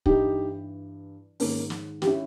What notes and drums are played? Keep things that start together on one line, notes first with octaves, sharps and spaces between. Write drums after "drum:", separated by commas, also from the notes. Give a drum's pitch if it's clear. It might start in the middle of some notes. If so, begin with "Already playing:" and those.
G2 E3 D#4 G4, drum: kick
G#2 D#3 A#3 C#4, drum: open hi-hat
drum: snare
G4, drum: snare
C#4 E4